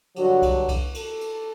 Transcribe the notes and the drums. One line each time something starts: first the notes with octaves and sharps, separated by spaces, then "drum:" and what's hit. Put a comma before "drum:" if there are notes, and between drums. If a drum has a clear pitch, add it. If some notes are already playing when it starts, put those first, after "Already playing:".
G2 D3 F#3 F#4, drum: cymbal
drum: kick C2, cymbal
drum: kick C2, cymbal
A4, drum: cymbal
drum: cymbal